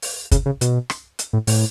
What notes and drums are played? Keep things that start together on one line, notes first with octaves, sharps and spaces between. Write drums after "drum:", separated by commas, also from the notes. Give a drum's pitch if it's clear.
drum: open hi-hat
C#3, drum: kick, hi-hat
C#3
B2, drum: hi-hat
drum: rim click
drum: hi-hat
A2
A2, drum: open hi-hat